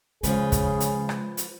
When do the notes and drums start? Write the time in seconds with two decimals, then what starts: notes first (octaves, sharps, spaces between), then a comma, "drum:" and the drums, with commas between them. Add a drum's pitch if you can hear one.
0.23 C#3 F3 G#3 F4 G#4 B4, drum: hi-hat
0.52 drum: kick, hi-hat
0.80 drum: hi-hat
1.09 drum: rim click
1.37 drum: hi-hat